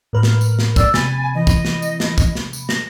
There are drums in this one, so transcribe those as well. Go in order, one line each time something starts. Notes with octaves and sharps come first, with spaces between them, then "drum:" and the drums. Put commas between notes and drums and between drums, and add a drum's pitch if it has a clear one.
A2 A#4 B4 F6
drum: snare
drum: tambourine
drum: snare
D5 E6, drum: kick, tambourine
C3 G#5 B5 A6, drum: snare
E3 D#5
drum: kick, tambourine
drum: snare
drum: tambourine
drum: snare
drum: kick, tambourine
drum: snare
drum: tambourine
A#6, drum: snare